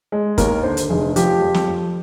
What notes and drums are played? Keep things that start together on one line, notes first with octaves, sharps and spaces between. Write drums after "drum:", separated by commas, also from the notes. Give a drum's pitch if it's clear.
G#3
D#2 A#4, drum: kick, hi-hat
D3 C5
drum: hi-hat
F1 G#4
F3 G4, drum: hi-hat
F2
drum: snare
F2